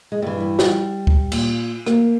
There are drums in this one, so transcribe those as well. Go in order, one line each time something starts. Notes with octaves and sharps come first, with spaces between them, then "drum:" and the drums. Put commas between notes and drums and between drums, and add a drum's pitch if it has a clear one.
G#3
G2 E3 G3
G3
G3, drum: snare
drum: kick
A#2, drum: cymbal
A#3, drum: rim click